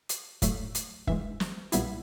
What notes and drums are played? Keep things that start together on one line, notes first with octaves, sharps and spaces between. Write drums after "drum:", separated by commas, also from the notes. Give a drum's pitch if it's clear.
drum: hi-hat
A2 F#3 A3 E5, drum: kick, hi-hat
drum: hi-hat
G2 E3 G#3 E5, drum: kick
drum: snare
B1 A#2 G3 B3 E4 E5, drum: hi-hat